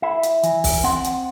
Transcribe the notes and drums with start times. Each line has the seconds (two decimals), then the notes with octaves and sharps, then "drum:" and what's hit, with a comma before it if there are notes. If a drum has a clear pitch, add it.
0.02 E4 E5
0.23 drum: hi-hat
0.43 E3, drum: hi-hat
0.64 drum: kick B1, open hi-hat
0.84 C4 F#5
1.04 drum: hi-hat